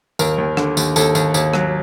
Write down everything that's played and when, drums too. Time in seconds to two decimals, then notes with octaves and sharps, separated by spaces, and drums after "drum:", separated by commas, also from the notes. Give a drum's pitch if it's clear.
0.19 D#2 A#4, drum: tambourine
0.38 D#2
0.57 D3, drum: rim click
0.77 D#2, drum: tambourine
0.96 D#2 A4, drum: tambourine
1.15 D#2, drum: tambourine
1.34 D#2, drum: tambourine
1.54 F#3, drum: rim click